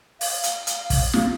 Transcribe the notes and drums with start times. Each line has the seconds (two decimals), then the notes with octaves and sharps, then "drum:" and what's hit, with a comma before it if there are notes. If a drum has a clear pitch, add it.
0.21 F5, drum: open hi-hat
0.43 drum: hi-hat
0.67 drum: hi-hat
0.90 drum: kick, open hi-hat
1.13 drum: snare